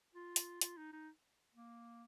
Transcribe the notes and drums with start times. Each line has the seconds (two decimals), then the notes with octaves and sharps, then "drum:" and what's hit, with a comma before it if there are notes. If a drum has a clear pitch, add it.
0.15 F4
0.36 drum: hi-hat
0.61 F4, drum: hi-hat
0.77 D#4
0.93 D#4
1.55 A#3